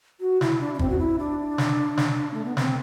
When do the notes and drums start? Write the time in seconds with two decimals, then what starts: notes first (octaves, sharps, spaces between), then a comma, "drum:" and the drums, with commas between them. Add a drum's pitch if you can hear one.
0.20 F#4
0.41 E4, drum: snare
0.60 D4
0.74 D4
0.79 C4, drum: kick
0.90 F#4
0.99 E4
1.19 D4
1.58 drum: snare
1.97 drum: snare
2.34 A3
2.45 B3
2.57 C4, drum: snare